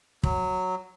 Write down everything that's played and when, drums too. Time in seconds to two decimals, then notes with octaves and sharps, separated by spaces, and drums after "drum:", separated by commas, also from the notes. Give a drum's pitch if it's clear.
0.23 F#3, drum: kick